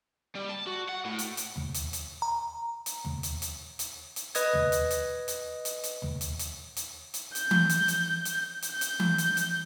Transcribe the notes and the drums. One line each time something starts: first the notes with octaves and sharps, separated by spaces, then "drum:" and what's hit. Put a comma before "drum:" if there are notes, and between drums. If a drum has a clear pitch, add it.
G3
A5
F#4
F#5
A2
drum: hi-hat
drum: hi-hat
drum: tom
drum: hi-hat
drum: hi-hat
A#5
drum: hi-hat
drum: tom
drum: hi-hat
drum: hi-hat
drum: hi-hat
drum: hi-hat
B4 D#5 D#6 G#6, drum: hi-hat
drum: tom
drum: hi-hat
drum: hi-hat
drum: hi-hat
drum: hi-hat
drum: hi-hat
drum: tom
drum: hi-hat
drum: hi-hat
drum: hi-hat
drum: hi-hat
G6, drum: hi-hat
drum: tom E3
drum: hi-hat
drum: hi-hat
drum: hi-hat
drum: hi-hat
G6
drum: hi-hat
drum: tom E3
drum: hi-hat
drum: hi-hat